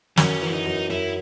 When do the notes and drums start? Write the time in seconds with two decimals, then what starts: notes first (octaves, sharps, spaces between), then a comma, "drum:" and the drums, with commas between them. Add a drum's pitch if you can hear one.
0.17 F#2 C#4, drum: snare
0.42 E3
0.47 E4
0.54 D#4
0.66 F#2
0.90 F#2 E4